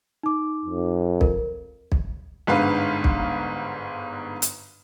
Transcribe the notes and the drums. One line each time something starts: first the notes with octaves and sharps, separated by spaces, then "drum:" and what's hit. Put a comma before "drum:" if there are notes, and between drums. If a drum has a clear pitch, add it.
D#4 D6
F2
A#4, drum: kick B1
drum: kick B1
G1 G#2 D3 B4 F5
drum: kick B1
drum: hi-hat